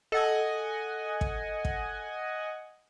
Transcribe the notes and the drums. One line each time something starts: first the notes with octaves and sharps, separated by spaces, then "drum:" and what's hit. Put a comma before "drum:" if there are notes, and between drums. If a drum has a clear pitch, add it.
A4 D#5 F#5 G#5
drum: kick
drum: kick